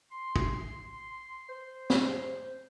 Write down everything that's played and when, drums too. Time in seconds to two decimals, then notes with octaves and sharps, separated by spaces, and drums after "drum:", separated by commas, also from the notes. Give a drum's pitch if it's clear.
0.12 C6
0.36 drum: kick
1.49 C5
1.90 drum: snare